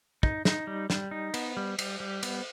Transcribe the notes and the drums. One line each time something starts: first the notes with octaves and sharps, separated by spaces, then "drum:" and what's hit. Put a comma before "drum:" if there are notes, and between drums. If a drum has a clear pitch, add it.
D#4, drum: kick
D#4, drum: snare
G3
G3, drum: snare
D#4
B3, drum: cymbal
G3
G3, drum: cymbal
G3
B3, drum: cymbal